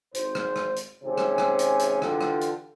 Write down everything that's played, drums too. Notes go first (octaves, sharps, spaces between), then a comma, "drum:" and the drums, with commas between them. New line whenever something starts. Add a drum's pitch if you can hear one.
G#1 C5, drum: hi-hat
drum: rim click
drum: rim click
drum: hi-hat
G#1 C3 C#4 G#4
drum: rim click
drum: rim click
drum: hi-hat
drum: hi-hat
D3 E3 F4 G4, drum: rim click
drum: rim click
drum: hi-hat